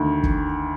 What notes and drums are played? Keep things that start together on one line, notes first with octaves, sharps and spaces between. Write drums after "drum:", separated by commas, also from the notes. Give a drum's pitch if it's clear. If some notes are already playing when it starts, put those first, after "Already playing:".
Already playing: D2 D#3
drum: kick